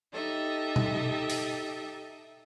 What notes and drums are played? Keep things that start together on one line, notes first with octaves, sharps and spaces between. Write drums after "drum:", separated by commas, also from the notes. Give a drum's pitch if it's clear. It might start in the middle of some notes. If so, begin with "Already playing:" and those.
D#4 G4 A4 D#5 E5
drum: tom B2
drum: open hi-hat